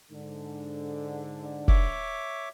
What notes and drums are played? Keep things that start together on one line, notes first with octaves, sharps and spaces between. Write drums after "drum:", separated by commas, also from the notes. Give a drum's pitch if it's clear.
G#2 D3
C#5 E5 D6, drum: kick